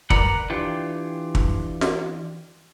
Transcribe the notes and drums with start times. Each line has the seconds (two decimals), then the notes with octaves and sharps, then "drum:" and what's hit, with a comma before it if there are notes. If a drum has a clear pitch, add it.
0.10 A#4 B4 D5 F#5, drum: kick
0.50 E3 D4 F4 G4
1.35 drum: kick
1.81 drum: snare